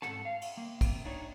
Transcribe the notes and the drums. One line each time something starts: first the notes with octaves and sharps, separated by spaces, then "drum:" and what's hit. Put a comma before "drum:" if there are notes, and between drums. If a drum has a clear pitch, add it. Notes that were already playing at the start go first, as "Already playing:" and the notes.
G#2 G#3 A4 F#5 A5, drum: rim click
F5
drum: cymbal
A#3
drum: kick, cymbal
D4 D#4 C#5